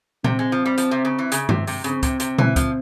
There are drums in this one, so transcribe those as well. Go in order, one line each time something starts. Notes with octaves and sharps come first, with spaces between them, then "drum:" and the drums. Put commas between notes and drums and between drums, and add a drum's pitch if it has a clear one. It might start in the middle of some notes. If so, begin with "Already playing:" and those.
C3 C4, drum: tom A#2
G#3
F3
G3
F3, drum: hi-hat
C3
C#3
E3
C#3, drum: hi-hat
C3, drum: tom
C3, drum: open hi-hat
C#3 C4, drum: hi-hat
C3, drum: kick C#2, hi-hat
C3, drum: hi-hat
E3, drum: tom A#2
F3, drum: kick C#2, hi-hat